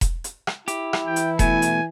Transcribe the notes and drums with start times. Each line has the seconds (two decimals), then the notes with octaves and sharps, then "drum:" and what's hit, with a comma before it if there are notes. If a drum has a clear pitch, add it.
0.01 drum: kick E1, hi-hat
0.24 drum: hi-hat
0.47 drum: rim click
0.68 E4 G4, drum: hi-hat
0.93 drum: rim click
1.06 E3 G5
1.16 drum: hi-hat
1.39 B2 A3 G#5, drum: kick E1, hi-hat
1.62 drum: hi-hat